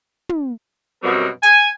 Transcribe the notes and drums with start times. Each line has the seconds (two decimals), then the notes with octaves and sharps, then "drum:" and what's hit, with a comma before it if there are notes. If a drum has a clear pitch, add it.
0.29 drum: tom
1.03 F#2 B2 G3 C4 A#4
1.43 G#5, drum: hi-hat